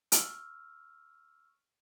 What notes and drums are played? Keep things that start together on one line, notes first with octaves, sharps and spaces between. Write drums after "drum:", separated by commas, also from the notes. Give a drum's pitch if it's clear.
C#6 E6 F6, drum: hi-hat